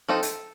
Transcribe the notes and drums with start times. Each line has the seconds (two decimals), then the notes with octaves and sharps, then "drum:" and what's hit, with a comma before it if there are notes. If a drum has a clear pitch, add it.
0.09 F3 C4 D#4 A4
0.23 drum: hi-hat